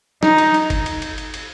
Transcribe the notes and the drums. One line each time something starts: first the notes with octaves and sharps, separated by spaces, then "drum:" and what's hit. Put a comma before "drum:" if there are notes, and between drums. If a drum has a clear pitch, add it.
D#4, drum: snare
drum: cymbal
drum: cymbal
drum: kick G1, cymbal
drum: cymbal
drum: cymbal
drum: cymbal
drum: cymbal